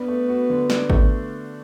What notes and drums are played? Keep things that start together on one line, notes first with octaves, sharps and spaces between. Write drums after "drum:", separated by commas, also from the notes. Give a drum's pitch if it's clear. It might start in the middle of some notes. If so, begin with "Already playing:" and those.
Already playing: B3 D4
A3
F#4
D3
D4, drum: snare
A3, drum: kick G#1